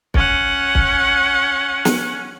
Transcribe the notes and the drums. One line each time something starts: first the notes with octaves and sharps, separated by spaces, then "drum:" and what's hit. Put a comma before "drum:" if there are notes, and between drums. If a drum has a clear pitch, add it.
C#4 F#5, drum: kick
drum: kick
drum: snare